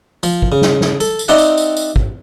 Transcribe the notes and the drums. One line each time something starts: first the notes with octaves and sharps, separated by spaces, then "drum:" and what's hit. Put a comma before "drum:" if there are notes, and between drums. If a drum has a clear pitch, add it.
F3, drum: tambourine
drum: kick
C#3
drum: snare
drum: snare
A4, drum: tambourine
drum: tambourine
C4 D#4 G4 D5 E5 F#5
drum: tambourine
drum: tambourine
drum: tambourine
drum: kick